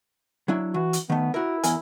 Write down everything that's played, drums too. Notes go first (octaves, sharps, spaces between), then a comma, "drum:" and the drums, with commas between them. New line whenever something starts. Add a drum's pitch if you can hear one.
F#3 D4 E4
E3 F#4
drum: hi-hat
D#3 A3 B3
E4 F#4 A#4
E2 A#4 G#5, drum: hi-hat